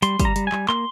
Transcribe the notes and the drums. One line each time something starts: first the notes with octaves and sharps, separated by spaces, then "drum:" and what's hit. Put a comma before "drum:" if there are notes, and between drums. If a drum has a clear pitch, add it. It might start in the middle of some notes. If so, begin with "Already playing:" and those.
G3 C6, drum: hi-hat
G3, drum: kick, hi-hat
A#5
G3, drum: hi-hat
G#5
G3, drum: clap
A#3 C6, drum: clap